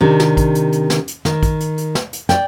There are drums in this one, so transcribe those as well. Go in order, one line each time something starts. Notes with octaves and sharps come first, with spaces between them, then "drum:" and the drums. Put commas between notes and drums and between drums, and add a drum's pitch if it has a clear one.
C3 D#3 D4
drum: snare
drum: kick, hi-hat
drum: hi-hat
drum: hi-hat
drum: snare
drum: hi-hat
D#3, drum: snare
drum: kick, hi-hat
drum: hi-hat
drum: hi-hat
drum: snare
drum: hi-hat
D5 G5, drum: snare